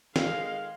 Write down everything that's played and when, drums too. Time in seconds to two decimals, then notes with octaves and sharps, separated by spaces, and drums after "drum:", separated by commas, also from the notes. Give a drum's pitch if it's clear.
0.16 F2 D#3 G#3 F5, drum: snare